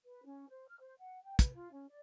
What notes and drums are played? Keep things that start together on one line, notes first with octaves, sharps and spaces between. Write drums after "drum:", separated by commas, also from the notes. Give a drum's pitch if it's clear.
B4
C#4
C5
F6
C5
F#5
G5
B4, drum: kick, hi-hat
F4
C#4
D5